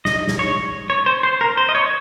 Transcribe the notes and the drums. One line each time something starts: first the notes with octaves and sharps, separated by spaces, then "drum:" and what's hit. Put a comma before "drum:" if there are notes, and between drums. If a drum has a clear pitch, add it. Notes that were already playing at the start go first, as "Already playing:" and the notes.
D#5, drum: snare
drum: snare
C#5
C#5
C5
C5
A#4
C5
D#5
C#5